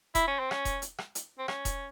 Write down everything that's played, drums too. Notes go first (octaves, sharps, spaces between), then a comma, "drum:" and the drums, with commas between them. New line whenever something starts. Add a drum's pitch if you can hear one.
E4, drum: kick E1, hi-hat
C#4
C4
C#4, drum: rim click
drum: kick E1, hi-hat
drum: hi-hat
drum: rim click
drum: hi-hat
C4
C#4, drum: rim click
drum: kick E1, hi-hat